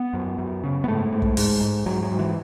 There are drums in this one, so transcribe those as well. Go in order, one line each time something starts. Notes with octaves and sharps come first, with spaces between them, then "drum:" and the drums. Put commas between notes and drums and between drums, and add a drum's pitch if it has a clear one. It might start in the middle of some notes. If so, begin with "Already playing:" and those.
Already playing: B3
F#2
F#2
C#3
B3
G#2 A3
G#2
drum: kick
G#2 G#3, drum: open hi-hat
G#2
G#2 F#3
F#3
G#2
E3